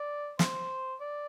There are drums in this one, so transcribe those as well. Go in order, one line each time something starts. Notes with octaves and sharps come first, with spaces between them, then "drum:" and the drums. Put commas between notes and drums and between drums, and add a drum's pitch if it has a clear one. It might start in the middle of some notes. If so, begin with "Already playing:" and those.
Already playing: D5
C5, drum: snare
D5